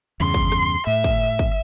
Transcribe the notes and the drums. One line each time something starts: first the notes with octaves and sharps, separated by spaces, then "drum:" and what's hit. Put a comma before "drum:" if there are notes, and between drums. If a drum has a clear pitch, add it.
E2 G2 C#3 C6
drum: kick
drum: rim click
A2 E5
drum: kick
drum: kick